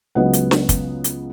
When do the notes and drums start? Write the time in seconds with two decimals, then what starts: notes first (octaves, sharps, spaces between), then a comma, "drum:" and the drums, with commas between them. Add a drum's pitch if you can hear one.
0.15 C#2 C#3 F#3 B3 D#5 F#5
0.33 drum: hi-hat
0.51 drum: snare
0.69 drum: kick, hi-hat
1.04 drum: hi-hat